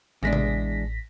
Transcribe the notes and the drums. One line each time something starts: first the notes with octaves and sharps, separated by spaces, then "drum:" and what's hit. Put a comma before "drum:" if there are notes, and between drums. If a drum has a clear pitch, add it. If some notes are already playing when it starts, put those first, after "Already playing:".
A1 E2 G#3 D4 A#6 B6
drum: tom C3